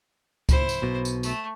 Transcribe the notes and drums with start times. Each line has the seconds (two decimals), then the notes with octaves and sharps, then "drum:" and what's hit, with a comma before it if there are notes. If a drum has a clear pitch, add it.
0.49 E4 C5, drum: kick C#2, tambourine
0.69 drum: tambourine
0.82 B1 B2
1.05 drum: tambourine
1.23 A3, drum: tambourine